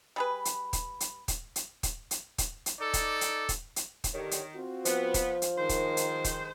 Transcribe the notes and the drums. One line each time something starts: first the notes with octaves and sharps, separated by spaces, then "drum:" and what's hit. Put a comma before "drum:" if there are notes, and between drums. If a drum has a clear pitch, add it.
G3 G#4 B4
drum: hi-hat
drum: kick D#1, hi-hat
drum: hi-hat
drum: kick D#1, hi-hat
drum: hi-hat
drum: kick D#1, hi-hat
drum: hi-hat
drum: kick D#1, hi-hat
drum: hi-hat
D#4 A4 D5 D6
drum: kick D#1, hi-hat
drum: hi-hat
drum: kick D#1, hi-hat
drum: hi-hat
drum: kick D#1, hi-hat
D3 D#3 G4 C#5
drum: hi-hat
C4 F4 F#4
F3 B3, drum: hi-hat
drum: kick D#1, hi-hat
drum: hi-hat
G2 D#3 G#3 C5
drum: kick D#1, hi-hat
drum: hi-hat
drum: kick D#1, hi-hat